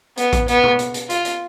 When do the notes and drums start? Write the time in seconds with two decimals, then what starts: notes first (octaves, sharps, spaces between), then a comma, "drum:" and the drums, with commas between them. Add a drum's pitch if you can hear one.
0.17 B3, drum: hi-hat
0.33 drum: kick A1, hi-hat
0.48 B3, drum: hi-hat
0.63 drum: tom B2
0.79 drum: hi-hat
0.94 drum: hi-hat
1.10 F4, drum: hi-hat
1.25 drum: hi-hat